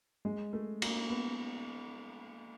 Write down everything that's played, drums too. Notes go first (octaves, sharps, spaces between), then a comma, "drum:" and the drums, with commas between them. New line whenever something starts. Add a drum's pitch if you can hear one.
G#3
A3
A#3, drum: cymbal
B3